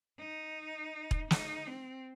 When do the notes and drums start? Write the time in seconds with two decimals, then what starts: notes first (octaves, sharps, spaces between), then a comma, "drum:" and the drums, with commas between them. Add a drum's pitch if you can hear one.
0.19 D#4
1.11 drum: kick E1
1.31 D#4, drum: snare
1.67 C4